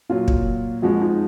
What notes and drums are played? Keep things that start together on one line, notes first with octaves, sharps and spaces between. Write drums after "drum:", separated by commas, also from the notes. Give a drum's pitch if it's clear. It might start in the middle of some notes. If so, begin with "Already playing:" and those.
A#2 F#3 F4
drum: kick
F2 F3 G#3 F#4
D#4